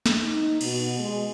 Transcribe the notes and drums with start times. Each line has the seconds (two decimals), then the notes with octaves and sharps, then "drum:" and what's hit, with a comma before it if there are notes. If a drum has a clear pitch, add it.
0.06 drum: snare
0.22 D#4
0.61 B2, drum: cymbal
0.98 G#3